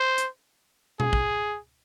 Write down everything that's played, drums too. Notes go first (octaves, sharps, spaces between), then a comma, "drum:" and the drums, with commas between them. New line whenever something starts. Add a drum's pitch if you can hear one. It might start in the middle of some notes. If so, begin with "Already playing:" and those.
Already playing: C5
drum: hi-hat
G#4, drum: tom B2
drum: kick A#1